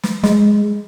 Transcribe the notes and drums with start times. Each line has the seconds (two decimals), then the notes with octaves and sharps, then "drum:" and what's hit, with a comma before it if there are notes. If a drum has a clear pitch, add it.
0.03 drum: snare
0.24 G#3, drum: snare